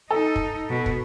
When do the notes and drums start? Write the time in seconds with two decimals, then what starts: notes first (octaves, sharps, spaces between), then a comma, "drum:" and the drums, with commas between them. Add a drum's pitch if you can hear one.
0.11 D#4 A4
0.36 drum: kick
0.69 B2
0.86 drum: kick